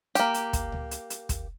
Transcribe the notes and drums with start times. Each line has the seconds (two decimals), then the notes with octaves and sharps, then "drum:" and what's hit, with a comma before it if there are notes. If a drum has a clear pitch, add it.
0.15 A#3 G4, drum: hi-hat
0.34 drum: hi-hat
0.53 drum: kick, hi-hat
0.72 drum: tom C#2
0.91 drum: hi-hat
1.10 drum: hi-hat
1.29 drum: kick, hi-hat